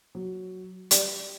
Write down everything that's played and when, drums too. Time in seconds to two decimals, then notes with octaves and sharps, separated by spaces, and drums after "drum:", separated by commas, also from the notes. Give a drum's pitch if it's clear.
0.15 F#3
0.91 G3, drum: hi-hat